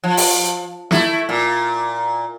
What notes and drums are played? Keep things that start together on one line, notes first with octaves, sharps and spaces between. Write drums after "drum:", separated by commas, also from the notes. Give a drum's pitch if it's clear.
F3
drum: open hi-hat
A3 E4, drum: snare
A#2